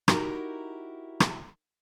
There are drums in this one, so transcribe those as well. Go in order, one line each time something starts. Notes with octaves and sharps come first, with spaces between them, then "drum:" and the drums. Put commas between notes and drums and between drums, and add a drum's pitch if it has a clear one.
D#4 E4 F#4 G4 A#4, drum: rim click
drum: rim click